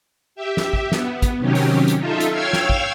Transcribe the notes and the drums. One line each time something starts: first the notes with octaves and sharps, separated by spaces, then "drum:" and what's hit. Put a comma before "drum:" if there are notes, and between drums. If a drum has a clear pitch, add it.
G4 E5
drum: snare
drum: kick
B3, drum: snare
drum: kick, hi-hat
C3 D#3 F#3 C#4 G4
drum: open hi-hat
drum: hi-hat
D#4 F4 A4 E5
drum: hi-hat
C#5 F5 G5 E6 F6 G#6
drum: snare
drum: kick